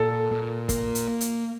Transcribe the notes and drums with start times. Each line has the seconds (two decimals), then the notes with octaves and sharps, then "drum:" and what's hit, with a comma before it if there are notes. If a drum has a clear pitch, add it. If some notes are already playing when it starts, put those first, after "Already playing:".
Already playing: A#2 A4
0.31 A#2
0.69 A#3, drum: kick, hi-hat
0.95 drum: hi-hat
1.21 drum: hi-hat